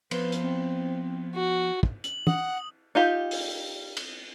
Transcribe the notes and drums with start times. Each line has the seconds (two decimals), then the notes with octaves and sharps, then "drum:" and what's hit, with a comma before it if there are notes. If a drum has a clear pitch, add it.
0.11 F3 B3 B4 C5, drum: cymbal
0.32 drum: hi-hat
0.42 C4
1.35 F#4
1.83 drum: kick
2.04 F#7, drum: hi-hat
2.27 F#5 D#6, drum: tom
2.95 D#4 F4 G4
3.31 drum: open hi-hat
3.97 drum: cymbal